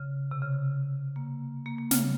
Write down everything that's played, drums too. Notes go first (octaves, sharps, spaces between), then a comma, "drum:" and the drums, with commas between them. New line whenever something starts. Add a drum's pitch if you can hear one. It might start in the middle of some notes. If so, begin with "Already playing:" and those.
Already playing: C#3
C3
C#3
A#3
A#3
A#3
C#3, drum: snare